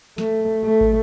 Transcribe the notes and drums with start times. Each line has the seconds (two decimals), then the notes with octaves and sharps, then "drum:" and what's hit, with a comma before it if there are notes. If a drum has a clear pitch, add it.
0.18 A3, drum: snare
0.65 A3
0.81 drum: kick